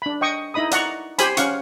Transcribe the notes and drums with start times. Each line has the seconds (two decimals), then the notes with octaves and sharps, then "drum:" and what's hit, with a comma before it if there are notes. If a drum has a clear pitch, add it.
0.02 D4 B5
0.21 D#5 G5 C#6 D#6
0.54 D#4 E4 D#5 B5 D#6
0.71 D5 F#5 A#5 C#6, drum: hi-hat
1.18 G4 C5 G#5 B5, drum: hi-hat
1.37 C#4 F5 F#5 C#6, drum: hi-hat